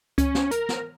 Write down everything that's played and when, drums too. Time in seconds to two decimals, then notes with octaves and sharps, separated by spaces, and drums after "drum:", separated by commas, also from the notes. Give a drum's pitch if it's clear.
0.18 C#4, drum: kick C#2, hi-hat
0.35 drum: snare
0.51 A#4, drum: hi-hat
0.69 drum: snare